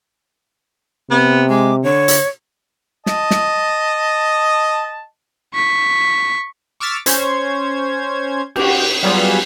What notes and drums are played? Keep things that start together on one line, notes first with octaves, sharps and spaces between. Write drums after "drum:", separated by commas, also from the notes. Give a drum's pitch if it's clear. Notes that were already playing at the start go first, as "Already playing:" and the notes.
C3 B3
G#3 D6
D3 C#5
drum: hi-hat
D#5 A5, drum: snare
drum: snare
C#6 B6
C#6 D6 E6 F6 A6 B6
C#4 C5 C#5 G#6, drum: hi-hat
F#4 G4, drum: cymbal
F#3 G3 B3 F4 G#4